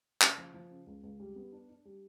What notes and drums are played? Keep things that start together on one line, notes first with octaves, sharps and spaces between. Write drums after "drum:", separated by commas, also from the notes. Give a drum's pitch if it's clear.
C#3, drum: clap
F3
F3
C#3
C#2
C#2
G3
B3
D4
D4
G3